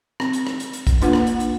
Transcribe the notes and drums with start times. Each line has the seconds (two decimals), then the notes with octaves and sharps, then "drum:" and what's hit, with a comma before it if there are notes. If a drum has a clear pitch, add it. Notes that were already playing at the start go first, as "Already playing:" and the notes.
0.20 C4, drum: rim click
0.33 drum: hi-hat
0.47 drum: rim click
0.60 drum: hi-hat
0.73 drum: hi-hat
0.87 drum: kick, hi-hat
1.01 A#3 D4 F4 B4 F#5, drum: hi-hat
1.13 drum: rim click
1.27 drum: hi-hat
1.40 drum: hi-hat